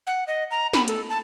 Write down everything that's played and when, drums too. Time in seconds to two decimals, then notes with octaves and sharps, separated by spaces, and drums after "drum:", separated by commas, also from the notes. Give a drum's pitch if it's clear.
0.07 F#5
0.27 D#5
0.51 A#5
0.73 B5, drum: snare
0.88 A4, drum: hi-hat
1.09 A5